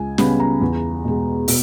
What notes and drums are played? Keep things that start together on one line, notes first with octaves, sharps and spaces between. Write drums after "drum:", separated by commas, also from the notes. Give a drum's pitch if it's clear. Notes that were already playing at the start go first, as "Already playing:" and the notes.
Already playing: C#2 G#5
C#3 G3 B3 B5, drum: snare
A#5
E2
B2 G#3
B2, drum: open hi-hat